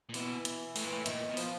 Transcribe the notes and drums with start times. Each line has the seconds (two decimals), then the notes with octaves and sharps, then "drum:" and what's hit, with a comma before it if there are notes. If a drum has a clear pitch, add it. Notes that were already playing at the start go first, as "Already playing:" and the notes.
0.09 A#2
0.14 B2 E3, drum: open hi-hat
0.45 drum: hi-hat
0.76 A2, drum: open hi-hat
0.84 A#2
0.93 A2
1.06 A#2 D#3, drum: hi-hat
1.29 B2
1.37 F3, drum: open hi-hat